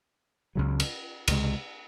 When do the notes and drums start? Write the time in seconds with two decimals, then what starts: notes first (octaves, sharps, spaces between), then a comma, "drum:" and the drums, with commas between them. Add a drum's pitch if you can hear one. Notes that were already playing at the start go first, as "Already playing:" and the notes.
0.55 C#2 C#3 F#3
0.80 drum: cymbal
1.28 C#2 C3 D#3 G#3, drum: cymbal